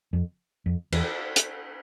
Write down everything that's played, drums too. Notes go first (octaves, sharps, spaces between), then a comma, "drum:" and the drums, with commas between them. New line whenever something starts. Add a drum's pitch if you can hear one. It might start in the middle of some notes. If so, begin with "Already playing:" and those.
F2
F2
E2, drum: cymbal
drum: hi-hat